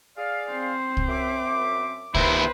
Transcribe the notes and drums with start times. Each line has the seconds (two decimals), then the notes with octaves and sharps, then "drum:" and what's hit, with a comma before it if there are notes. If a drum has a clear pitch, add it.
0.17 G#4 D5 F5
0.50 C4 C5
0.97 drum: kick C2
1.09 F#2 E5 D6
2.15 D#2 E4 B4 C5, drum: kick C2